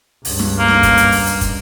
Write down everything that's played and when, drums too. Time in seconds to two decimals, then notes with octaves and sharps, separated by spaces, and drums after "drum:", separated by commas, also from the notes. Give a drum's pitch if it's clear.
0.25 C#2 G2, drum: open hi-hat
0.39 drum: snare
0.59 A#3
0.68 drum: snare
0.83 drum: kick, hi-hat
0.97 drum: hi-hat
1.12 drum: open hi-hat
1.27 drum: hi-hat
1.41 drum: kick, hi-hat